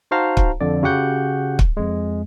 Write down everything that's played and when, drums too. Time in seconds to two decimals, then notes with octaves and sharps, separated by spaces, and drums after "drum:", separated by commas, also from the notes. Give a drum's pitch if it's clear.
0.11 D#4 F#4 C5 F5 A5 A#5
0.37 drum: kick
0.61 F2 D3 D5
0.83 C#3 F#4 G4 F#5 G6
1.59 drum: kick
1.77 F2 G#3